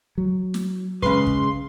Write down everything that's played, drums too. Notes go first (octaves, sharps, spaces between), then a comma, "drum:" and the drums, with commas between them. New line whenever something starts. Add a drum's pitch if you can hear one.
F#3
drum: snare
C#3 G#3 B4 C6, drum: kick
drum: kick